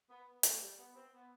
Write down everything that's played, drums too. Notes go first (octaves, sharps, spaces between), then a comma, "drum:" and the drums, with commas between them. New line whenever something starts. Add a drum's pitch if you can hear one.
B3
A3, drum: hi-hat
G3
B3
C4
B3